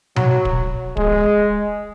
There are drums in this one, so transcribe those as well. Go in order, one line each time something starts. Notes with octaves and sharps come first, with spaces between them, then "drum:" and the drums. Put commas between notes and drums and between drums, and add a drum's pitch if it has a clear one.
F#3, drum: tom B2
drum: kick
G#3, drum: kick